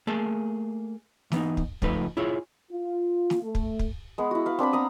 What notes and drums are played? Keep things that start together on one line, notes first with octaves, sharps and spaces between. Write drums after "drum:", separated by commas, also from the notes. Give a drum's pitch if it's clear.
A3 A#3 G#4 A5
E3 B3 D#4, drum: snare
drum: kick
C#2 F3 A3 D#4 B4, drum: kick
E4 F4 G#4 C#5
F4
drum: snare
A3
drum: kick
drum: kick
G#3 B3
E4 F#4
B4 F5
C4 D4 B4 B5
B3 A#5 D#6